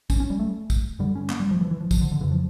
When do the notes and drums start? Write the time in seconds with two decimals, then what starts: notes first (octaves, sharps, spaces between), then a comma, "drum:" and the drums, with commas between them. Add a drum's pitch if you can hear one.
0.10 C#4, drum: kick, tambourine
0.20 C#4
0.30 G3
0.39 A3
0.70 drum: kick, tambourine
0.99 G2 D3 G3
1.15 C#4
1.30 A#3, drum: clap
1.40 G3
1.51 F3
1.61 E3
1.71 E3
1.81 F3
1.91 F3, drum: kick, tambourine
2.01 D3
2.11 D3
2.20 F2 C#3 E3
2.32 F3